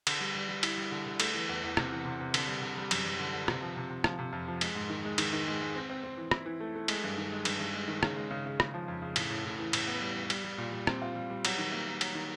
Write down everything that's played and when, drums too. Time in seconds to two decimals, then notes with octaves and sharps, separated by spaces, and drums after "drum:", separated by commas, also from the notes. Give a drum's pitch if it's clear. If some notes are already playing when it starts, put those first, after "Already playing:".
0.07 D3, drum: cymbal
0.21 G3
0.35 G3
0.49 G3
0.63 E4, drum: cymbal
0.78 G3
0.92 D3
1.06 D3
1.20 A3, drum: cymbal
1.34 E3
1.49 E2
1.63 E2
1.77 C3, drum: rim click
1.92 E3
2.05 C3
2.20 C3
2.34 D3, drum: cymbal
2.48 G3
2.62 D3
2.77 G3
2.91 F#2, drum: cymbal
3.05 F#2
3.20 D3
3.33 D3
3.48 C3, drum: rim click
3.62 F3
3.77 C3
3.90 C3
4.04 F3, drum: rim click
4.19 C3
4.32 F2
4.48 F3
4.61 G#3, drum: cymbal
4.75 G#2
4.90 D#3
5.05 G#3
5.18 D#3, drum: cymbal
5.33 D#3
5.47 G#3
5.61 G#3
5.75 C4
5.90 C4
6.04 C4
6.17 E3
6.31 E4, drum: rim click
6.46 E3
6.61 A3
6.75 A3
6.88 G#3, drum: cymbal
7.04 G2
7.18 D#3
7.32 G#3
7.45 G2, drum: cymbal
7.59 G2
7.74 G#3
7.88 D#3
8.03 C#3, drum: rim click
8.16 G#3
8.31 C#3
8.46 C#3
8.60 C#3, drum: rim click
8.74 F3
8.88 F2
9.02 C#3
9.16 A2, drum: cymbal
9.30 A2
9.45 A2
9.59 E3
9.73 A2, drum: cymbal
9.87 B3
10.01 G3
10.16 G3
10.30 G3, drum: cymbal
10.44 G3
10.58 A#2
10.72 G3
10.87 C4, drum: rim click
11.02 F4
11.15 G3
11.30 G3
11.45 F#3, drum: cymbal
11.58 D#3
11.72 A#3
11.87 A#3
12.01 F#3, drum: cymbal
12.15 D#3